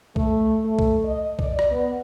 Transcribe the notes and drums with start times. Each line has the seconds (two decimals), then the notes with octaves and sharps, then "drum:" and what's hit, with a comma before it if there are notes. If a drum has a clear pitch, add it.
0.16 A3, drum: kick C2
0.64 A3
0.79 drum: kick C2
1.05 D#5
1.39 D5, drum: kick C2
1.59 drum: rim click
1.71 B3